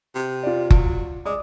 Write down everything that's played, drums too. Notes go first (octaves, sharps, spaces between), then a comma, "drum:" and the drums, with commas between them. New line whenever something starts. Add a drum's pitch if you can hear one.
C3
F4 D5
F#3, drum: kick F#1
G#3 D5 D6 D#6